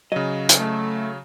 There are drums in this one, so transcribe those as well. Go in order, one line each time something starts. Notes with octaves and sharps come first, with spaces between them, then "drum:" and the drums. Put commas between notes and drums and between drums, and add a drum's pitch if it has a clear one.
C#3 F#3 D#5
drum: hi-hat
A3